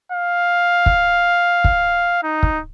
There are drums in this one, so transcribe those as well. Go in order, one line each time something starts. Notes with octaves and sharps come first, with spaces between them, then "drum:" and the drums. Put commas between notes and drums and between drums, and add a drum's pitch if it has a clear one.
F5
drum: kick
drum: kick
D#4
drum: kick